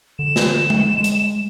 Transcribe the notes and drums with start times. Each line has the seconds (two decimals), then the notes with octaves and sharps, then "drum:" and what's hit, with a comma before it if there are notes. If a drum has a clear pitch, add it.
0.19 D3 E7
0.36 drum: snare
0.70 drum: tom G#3
0.94 G#3
1.04 drum: hi-hat